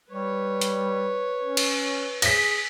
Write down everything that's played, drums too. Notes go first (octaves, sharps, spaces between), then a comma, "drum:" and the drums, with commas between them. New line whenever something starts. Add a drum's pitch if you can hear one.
G3 B4 C#5
drum: hi-hat
C#4
drum: cymbal
G#4 A#6 B6, drum: cymbal